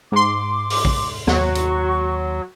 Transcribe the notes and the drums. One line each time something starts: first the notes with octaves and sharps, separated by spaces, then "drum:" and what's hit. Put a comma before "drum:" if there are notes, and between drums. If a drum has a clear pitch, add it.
G#2 C6 D6
drum: open hi-hat
drum: kick
D#2 F#3 F#4 C#6, drum: snare
drum: hi-hat